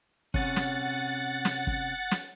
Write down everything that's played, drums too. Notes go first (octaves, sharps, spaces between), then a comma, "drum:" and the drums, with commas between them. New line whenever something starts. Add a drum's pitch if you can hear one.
C3 C#4 F#5 A6, drum: kick
drum: snare
drum: snare
drum: kick
drum: snare